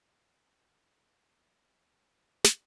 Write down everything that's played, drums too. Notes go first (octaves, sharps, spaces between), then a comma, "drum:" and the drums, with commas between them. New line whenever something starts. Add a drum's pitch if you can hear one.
F4 F5
G#4 G5
F4 G#5
F4
F4 A#5
A#4
F4 A#5
G#5
drum: snare